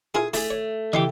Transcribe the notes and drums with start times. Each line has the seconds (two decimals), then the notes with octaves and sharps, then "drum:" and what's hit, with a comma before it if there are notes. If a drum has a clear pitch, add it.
0.15 E4 F4 G#4 A#4
0.33 A3 E4 G#4, drum: open hi-hat
0.50 C#5
0.93 E3 G4 D#5 C6 C#6, drum: tom